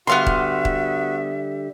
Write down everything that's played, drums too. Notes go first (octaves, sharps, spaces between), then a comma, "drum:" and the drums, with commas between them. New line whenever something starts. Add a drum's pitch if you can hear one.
D3 G3 B3 F#4 E5 F5 C6
drum: kick D#1
drum: kick D#1